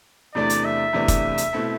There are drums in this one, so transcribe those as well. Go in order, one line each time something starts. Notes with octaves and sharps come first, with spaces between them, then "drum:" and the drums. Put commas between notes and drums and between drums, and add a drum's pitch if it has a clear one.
E2 C3 E3 A3 D4 D5
drum: hi-hat
E5
E2 C3 E3 A3 D4
drum: kick, hi-hat
drum: hi-hat
B2 A3 C4 E4 A4